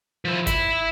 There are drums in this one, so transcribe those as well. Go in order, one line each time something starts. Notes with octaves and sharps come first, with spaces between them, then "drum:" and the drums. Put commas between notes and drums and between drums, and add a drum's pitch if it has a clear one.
F3 E4
E5 B5, drum: kick G#1, hi-hat